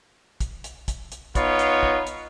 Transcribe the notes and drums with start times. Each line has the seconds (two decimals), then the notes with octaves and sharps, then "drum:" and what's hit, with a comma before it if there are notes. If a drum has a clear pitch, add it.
0.41 drum: kick, hi-hat
0.64 drum: hi-hat
0.88 drum: kick, hi-hat
1.12 drum: hi-hat
1.35 B3 D#4 F4 C#5, drum: kick, hi-hat
1.59 drum: hi-hat
1.83 drum: kick
2.07 drum: hi-hat